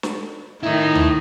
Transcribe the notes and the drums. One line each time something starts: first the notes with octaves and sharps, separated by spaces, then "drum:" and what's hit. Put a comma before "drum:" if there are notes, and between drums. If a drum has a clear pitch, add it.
drum: snare
D#3 A3 D#4 E4
drum: tom